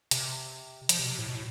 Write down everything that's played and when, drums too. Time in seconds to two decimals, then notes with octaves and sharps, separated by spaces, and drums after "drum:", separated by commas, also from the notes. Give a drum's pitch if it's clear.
0.11 C3, drum: hi-hat
0.89 F3, drum: hi-hat
0.99 C3
1.04 B2
1.09 C3
1.18 A2
1.29 B2
1.35 A2